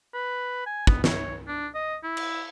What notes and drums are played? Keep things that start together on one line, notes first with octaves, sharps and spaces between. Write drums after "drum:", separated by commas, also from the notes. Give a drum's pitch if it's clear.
B4
G#5
B3, drum: kick
C#5, drum: snare
D4
D#5
E4
drum: cymbal